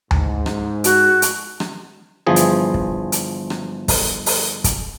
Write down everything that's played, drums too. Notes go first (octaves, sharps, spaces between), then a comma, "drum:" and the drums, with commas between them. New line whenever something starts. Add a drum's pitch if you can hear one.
G#2, drum: tom D2
drum: rim click
F#4, drum: hi-hat
drum: hi-hat
drum: rim click
G1 E3 F3 G#4
drum: hi-hat
drum: kick
drum: hi-hat
drum: rim click
drum: kick, open hi-hat
drum: open hi-hat
drum: kick, hi-hat